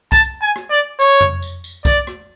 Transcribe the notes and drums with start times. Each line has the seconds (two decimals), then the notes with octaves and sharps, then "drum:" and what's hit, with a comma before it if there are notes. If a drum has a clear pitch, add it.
0.12 A5, drum: kick, tambourine
0.42 G#5
0.56 drum: rim click
0.70 D5
1.00 C#5, drum: tambourine
1.21 drum: tom F2
1.42 drum: tambourine
1.64 drum: tambourine
1.85 D5, drum: kick, tambourine
2.07 drum: rim click